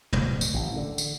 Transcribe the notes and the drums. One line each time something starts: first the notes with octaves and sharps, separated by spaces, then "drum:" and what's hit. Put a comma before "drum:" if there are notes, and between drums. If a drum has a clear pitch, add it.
D1, drum: tom
drum: tambourine
A1
D3
drum: tambourine